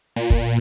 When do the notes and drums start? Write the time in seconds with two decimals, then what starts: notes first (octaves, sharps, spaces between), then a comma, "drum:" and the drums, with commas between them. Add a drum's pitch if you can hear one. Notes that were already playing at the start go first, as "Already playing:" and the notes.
0.16 A#2
0.30 drum: kick, hi-hat